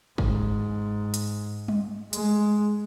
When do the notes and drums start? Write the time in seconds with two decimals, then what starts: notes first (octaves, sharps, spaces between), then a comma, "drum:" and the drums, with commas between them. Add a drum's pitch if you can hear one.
0.18 G#2, drum: kick
1.14 drum: hi-hat
1.68 drum: tom G3
2.13 G#3, drum: hi-hat